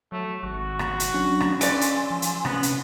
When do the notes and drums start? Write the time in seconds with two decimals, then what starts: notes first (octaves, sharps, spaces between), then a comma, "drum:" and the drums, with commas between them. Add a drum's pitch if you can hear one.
0.12 F#3 A3
0.43 G#1 F#4
0.79 drum: rim click
1.00 drum: hi-hat
1.14 F#3 C#4 D4
1.40 drum: rim click
1.61 C#3 D5 G#5 C6 E6, drum: hi-hat
1.81 drum: hi-hat
2.11 F3
2.22 drum: hi-hat
2.45 C3 B3 C#4, drum: rim click
2.63 drum: hi-hat